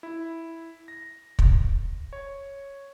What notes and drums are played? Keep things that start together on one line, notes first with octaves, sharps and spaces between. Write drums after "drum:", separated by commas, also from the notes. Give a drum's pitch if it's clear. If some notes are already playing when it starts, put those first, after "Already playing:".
E4
A#6
drum: kick
C#5